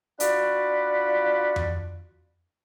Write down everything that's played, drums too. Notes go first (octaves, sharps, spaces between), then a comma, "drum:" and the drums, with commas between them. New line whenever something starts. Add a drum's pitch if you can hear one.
D4 F4 F#4 D5 F#5 B5, drum: hi-hat
drum: tom F2